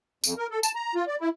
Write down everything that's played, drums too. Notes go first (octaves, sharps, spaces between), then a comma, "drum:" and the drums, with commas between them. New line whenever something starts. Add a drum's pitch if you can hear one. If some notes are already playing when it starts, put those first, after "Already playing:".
F2, drum: tambourine
A#4
A4
A5, drum: tambourine
A#5
F4
D5
E4